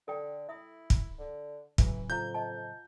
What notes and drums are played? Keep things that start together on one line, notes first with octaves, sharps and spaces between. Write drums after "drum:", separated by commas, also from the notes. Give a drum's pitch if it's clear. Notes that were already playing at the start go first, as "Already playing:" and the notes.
D3 A4 G5
E4 E5 D#6
drum: kick
D3
A2 C#3 E3 F#3, drum: kick
F2 F4 F5 A#5 G6
D#5 F#5 A5